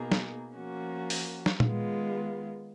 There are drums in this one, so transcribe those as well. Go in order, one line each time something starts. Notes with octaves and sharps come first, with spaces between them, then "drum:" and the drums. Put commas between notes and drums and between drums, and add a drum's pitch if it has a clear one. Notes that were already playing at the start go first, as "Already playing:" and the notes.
Already playing: B2 A#3 D#4 G#4
drum: snare
F3 A#3 C#4 F#4
drum: open hi-hat
drum: snare
D#3 G#3 B3 F4, drum: tom A#2